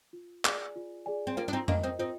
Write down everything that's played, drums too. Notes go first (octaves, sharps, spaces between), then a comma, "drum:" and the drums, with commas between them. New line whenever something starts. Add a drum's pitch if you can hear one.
F4
G#4 D5 G#5, drum: clap
F4
G#4 D5 G#5
C4
A#3 D4 F4
D4
C4 D#4
A#3 D4 A#4 D#5, drum: tom F2
C4 D#4
C4 D#4 F4